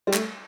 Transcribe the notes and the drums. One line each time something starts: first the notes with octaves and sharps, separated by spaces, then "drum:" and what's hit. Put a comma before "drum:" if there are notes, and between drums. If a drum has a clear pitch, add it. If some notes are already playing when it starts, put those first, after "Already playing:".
G3
A3, drum: clap